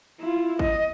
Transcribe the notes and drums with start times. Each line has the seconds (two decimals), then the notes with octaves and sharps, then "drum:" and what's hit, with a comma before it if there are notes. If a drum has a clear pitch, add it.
0.20 E4 F4
0.59 D#5, drum: kick A1